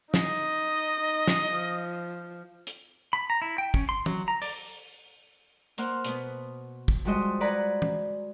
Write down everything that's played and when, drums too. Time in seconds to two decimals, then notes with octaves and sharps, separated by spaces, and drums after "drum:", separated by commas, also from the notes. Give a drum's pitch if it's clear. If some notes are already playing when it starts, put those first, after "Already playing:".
0.14 D#4 D#5, drum: snare
1.01 D#4
1.27 drum: snare
1.52 F3
2.67 drum: hi-hat
3.13 B5
3.30 A#5
3.42 E4
3.58 G5
3.74 C#4, drum: kick
3.89 C6
4.06 F#3, drum: tom
4.28 A#5
4.42 D5, drum: open hi-hat
5.78 A#3 C5 F#5 F6, drum: hi-hat
6.05 B2 B3, drum: hi-hat
6.88 drum: kick
7.05 F3 G3 G#3 F#4 C5 D#5
7.40 B4 D5 F#5 G#5 A#5 B5
7.82 drum: tom